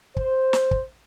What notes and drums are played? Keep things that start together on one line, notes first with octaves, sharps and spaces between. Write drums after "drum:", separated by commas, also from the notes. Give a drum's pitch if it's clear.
C5, drum: kick
drum: snare
drum: kick